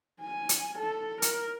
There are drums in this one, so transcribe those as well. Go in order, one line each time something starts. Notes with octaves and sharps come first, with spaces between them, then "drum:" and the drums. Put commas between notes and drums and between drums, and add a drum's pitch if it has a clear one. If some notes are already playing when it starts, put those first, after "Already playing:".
G#5
drum: hi-hat
A4
A#4, drum: hi-hat